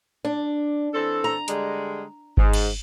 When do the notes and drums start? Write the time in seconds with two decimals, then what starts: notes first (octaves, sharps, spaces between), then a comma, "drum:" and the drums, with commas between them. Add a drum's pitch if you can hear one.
0.25 D4
0.93 E3 C4 A4
1.24 A#5
1.48 D3 G3 G#3, drum: hi-hat
2.37 G#2, drum: kick G1
2.53 drum: cymbal